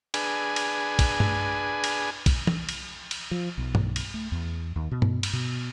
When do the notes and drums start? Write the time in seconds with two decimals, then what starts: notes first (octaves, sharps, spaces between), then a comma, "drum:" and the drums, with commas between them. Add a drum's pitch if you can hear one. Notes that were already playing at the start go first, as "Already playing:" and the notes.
0.14 D4 G#4 B4 G#5, drum: cymbal
0.56 drum: cymbal
0.99 drum: kick, cymbal
1.20 drum: tom G2
1.84 drum: cymbal
2.26 drum: kick, cymbal
2.47 drum: tom
2.69 drum: cymbal
3.11 drum: cymbal
3.31 F3
3.58 B1
3.75 drum: tom G2
3.96 drum: cymbal
4.14 A3
4.32 E2
4.76 D#2
4.91 B2
5.02 drum: tom G2
5.23 drum: cymbal
5.33 B2